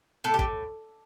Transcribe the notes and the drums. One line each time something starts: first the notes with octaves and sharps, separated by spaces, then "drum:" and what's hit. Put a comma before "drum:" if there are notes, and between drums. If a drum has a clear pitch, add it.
A2 A4
G4
A2, drum: kick